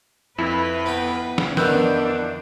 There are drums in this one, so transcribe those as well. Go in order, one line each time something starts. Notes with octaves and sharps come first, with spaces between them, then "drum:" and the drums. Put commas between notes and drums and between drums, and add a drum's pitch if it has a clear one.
F2 E4 B4
B3 G5
drum: snare
F2 D#3 E3 B3 D4 E6 F#6 G6, drum: snare